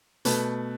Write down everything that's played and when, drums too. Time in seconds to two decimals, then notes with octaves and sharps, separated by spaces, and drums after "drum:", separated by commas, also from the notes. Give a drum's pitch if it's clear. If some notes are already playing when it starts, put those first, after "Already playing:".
0.25 B2 A3 B4, drum: hi-hat